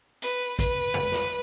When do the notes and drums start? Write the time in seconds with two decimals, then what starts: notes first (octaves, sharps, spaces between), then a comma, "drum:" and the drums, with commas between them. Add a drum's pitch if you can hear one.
0.22 B4, drum: hi-hat
0.59 B4, drum: kick G#1, hi-hat
0.94 drum: tom
1.12 drum: snare